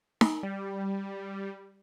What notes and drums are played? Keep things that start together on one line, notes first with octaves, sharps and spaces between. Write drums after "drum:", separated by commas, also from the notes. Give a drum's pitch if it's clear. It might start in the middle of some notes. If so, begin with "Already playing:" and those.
drum: snare D#4
G3